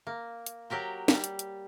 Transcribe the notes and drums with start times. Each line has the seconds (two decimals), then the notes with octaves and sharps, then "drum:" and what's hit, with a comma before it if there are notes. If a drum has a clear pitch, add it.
0.07 A#3
0.46 drum: hi-hat
0.70 F#3 G4 A#4 G5
1.08 G3, drum: snare
1.24 drum: hi-hat
1.39 drum: hi-hat